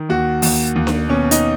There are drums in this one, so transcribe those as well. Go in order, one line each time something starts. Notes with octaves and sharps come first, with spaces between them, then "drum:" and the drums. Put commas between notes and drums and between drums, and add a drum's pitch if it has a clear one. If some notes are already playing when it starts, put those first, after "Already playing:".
Already playing: D#3
D#2 F#4
D#2, drum: open hi-hat
D#2
drum: snare D4
B2 C#4
D#4, drum: hi-hat